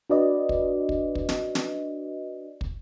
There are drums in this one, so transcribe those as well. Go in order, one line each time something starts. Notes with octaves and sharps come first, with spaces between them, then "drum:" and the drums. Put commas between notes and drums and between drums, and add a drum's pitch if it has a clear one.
D4 F#4 B4 D5 D#5
drum: kick
drum: kick
drum: kick
drum: snare
drum: snare
drum: kick